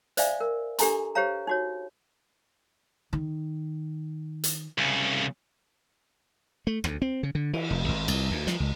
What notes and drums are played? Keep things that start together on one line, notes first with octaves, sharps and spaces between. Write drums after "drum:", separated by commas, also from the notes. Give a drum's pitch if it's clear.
C5 D5 E5 F5 G#5, drum: hi-hat
A#4
D4 G4 A4 G#5 A#5 C6, drum: hi-hat
G4 C5 C#5 F5 A#5
D#4 F#4 C#5
D#3
drum: hi-hat
C2 C#3
A3
D2, drum: rim click
C4
C#3
D3
E3, drum: cymbal
F1
G#1
C2, drum: cymbal
D2
F3, drum: snare
C#2